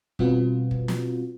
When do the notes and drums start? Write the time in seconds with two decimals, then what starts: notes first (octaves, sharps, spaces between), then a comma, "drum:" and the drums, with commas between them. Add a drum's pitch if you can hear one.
0.19 B2 G3 C4 F4 F#4 B4, drum: kick
0.71 drum: kick
0.88 drum: snare